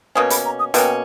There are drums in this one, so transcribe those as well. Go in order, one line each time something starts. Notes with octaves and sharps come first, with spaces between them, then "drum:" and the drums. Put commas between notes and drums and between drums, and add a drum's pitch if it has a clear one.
B2 A#3 C#4 D#6
B5, drum: hi-hat
A#5
D#6
B2 A#3 C#4 G5, drum: hi-hat